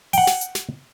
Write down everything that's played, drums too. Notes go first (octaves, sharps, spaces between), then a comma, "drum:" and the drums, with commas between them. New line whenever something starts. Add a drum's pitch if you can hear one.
F#5 G5, drum: open hi-hat
drum: snare
drum: hi-hat
drum: snare